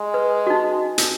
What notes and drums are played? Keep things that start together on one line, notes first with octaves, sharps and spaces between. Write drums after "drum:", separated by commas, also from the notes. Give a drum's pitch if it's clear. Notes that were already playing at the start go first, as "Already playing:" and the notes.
Already playing: G#3
B4
F#4
D#4
drum: hi-hat